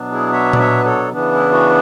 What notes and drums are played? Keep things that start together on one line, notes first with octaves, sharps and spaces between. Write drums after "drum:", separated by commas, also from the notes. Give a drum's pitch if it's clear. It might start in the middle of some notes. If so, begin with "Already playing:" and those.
Already playing: B2 F#3 B3 D4
E4 G#4
C#5 E5
D5, drum: tom A#2
C#5 E5
B4
A4 C#5
C#3 E3 B3 D4
E4
F#4